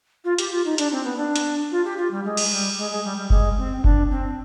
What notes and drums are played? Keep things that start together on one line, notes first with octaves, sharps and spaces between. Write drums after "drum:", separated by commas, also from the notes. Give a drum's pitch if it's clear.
F4
G4, drum: hi-hat
F4
D#4
D4, drum: hi-hat
C4
B3
D4
drum: hi-hat
F4
G4
F4
G3
G#3
drum: cymbal
G3
G#3
G#3
G3
G3
G#3, drum: kick F#1
C4
C4
D4, drum: kick F#1
C4